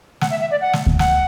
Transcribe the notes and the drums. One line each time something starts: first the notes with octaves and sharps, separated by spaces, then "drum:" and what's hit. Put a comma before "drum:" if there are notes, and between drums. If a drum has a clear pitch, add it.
F#5, drum: snare
E5
E5
D5
F#5
drum: snare
drum: kick D2
F#5, drum: snare